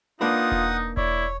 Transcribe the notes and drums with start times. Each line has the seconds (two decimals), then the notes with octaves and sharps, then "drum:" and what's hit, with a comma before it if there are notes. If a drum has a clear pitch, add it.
0.21 A#3 D4 D#4 F4 B4 F#5 D#6
0.52 drum: kick E1
0.97 E4 C#5 D5, drum: kick E1